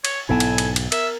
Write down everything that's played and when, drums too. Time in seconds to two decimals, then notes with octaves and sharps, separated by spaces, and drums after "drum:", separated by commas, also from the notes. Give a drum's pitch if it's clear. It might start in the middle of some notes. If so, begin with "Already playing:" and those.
0.05 C#5, drum: cymbal
0.29 B1 G#2 B2 B3 E4 A4 G#5 A5
0.40 drum: cymbal
0.58 drum: cymbal
0.76 drum: cymbal
0.92 A#4 E5, drum: cymbal